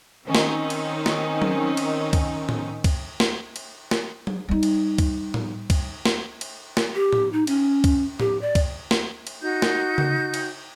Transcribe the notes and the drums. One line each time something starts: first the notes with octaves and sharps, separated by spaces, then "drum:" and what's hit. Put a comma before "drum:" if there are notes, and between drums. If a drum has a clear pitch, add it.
D#3 C4 C#4 D#4
drum: snare
drum: cymbal
drum: snare
drum: tom
drum: cymbal
drum: kick, cymbal
drum: tom
drum: kick, cymbal
drum: snare
drum: cymbal
drum: snare
drum: tom
G3 D#4
drum: cymbal
drum: kick, cymbal
drum: tom
drum: kick, cymbal
drum: snare
drum: cymbal
drum: snare
G4
drum: tom
D#4
C#4, drum: cymbal
drum: kick, cymbal
G4, drum: tom
D5
drum: kick, cymbal
drum: snare
drum: cymbal
D#4 F#4 G6
drum: snare
drum: tom C#3
drum: cymbal